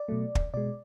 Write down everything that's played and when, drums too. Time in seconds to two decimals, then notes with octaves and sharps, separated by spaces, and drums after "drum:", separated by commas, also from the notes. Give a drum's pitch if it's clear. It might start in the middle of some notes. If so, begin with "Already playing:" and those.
Already playing: D5
0.08 B2 F#3 A3
0.35 drum: kick
0.54 B2 G#3 D5